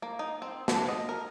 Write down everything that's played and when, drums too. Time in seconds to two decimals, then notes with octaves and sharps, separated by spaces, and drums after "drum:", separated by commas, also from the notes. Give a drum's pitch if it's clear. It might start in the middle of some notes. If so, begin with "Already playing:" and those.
0.02 A#3
0.19 D#4
0.42 C4
0.68 D4, drum: snare
0.88 D#5
1.09 A#4